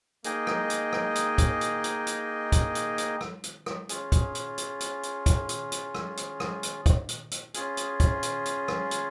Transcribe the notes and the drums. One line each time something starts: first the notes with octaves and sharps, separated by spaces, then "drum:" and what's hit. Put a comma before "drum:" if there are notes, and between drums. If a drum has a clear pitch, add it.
A#3 D#4 G#4 D#5 G5, drum: hi-hat
drum: rim click
drum: hi-hat
drum: rim click
drum: hi-hat
drum: kick, hi-hat
drum: hi-hat
drum: hi-hat
drum: hi-hat
drum: kick, hi-hat
drum: hi-hat
drum: hi-hat
drum: rim click
drum: hi-hat
drum: rim click
C#4 F4 G#4, drum: hi-hat
drum: kick, hi-hat
drum: hi-hat
drum: hi-hat
drum: hi-hat
drum: hi-hat
drum: kick, hi-hat
drum: hi-hat
drum: hi-hat
drum: rim click
drum: hi-hat
drum: rim click
drum: hi-hat
drum: kick, hi-hat
drum: hi-hat
drum: hi-hat
C#4 F4 G#4, drum: hi-hat
drum: hi-hat
drum: kick, hi-hat
drum: hi-hat
drum: hi-hat
drum: rim click
drum: hi-hat